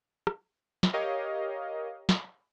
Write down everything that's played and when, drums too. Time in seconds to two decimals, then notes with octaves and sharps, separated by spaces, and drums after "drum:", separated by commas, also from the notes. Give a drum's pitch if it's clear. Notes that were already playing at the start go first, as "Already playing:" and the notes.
0.27 drum: rim click
0.83 drum: snare
0.93 G4 A#4 C#5 D#5 F5
2.09 drum: snare